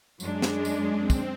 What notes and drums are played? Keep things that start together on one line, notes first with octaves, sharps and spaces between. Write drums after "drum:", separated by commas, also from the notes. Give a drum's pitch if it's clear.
F#2 G#3 D4, drum: tambourine
drum: snare
drum: tambourine
C4
drum: kick, tambourine